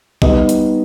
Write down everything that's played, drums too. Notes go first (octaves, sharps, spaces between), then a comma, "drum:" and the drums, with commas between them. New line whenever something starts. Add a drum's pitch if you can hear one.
G3 B3 D#4 D#5, drum: kick A#1
drum: hi-hat